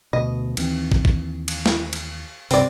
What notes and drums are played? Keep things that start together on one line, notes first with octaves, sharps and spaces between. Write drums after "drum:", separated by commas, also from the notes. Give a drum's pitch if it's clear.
D2 B2 D#5
D#2 E3 C4, drum: cymbal
drum: kick
drum: kick
drum: cymbal
drum: snare
drum: cymbal
C#2 G2 C3 C4 D5, drum: open hi-hat